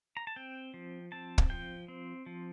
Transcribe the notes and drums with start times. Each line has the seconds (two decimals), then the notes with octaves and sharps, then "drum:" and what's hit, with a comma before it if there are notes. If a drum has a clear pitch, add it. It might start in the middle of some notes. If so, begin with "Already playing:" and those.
0.17 A#5
0.27 A5
0.36 C4 G5
0.74 F3
1.12 C4 A5
1.38 drum: kick
1.50 F3 G5
1.88 C4
2.26 F3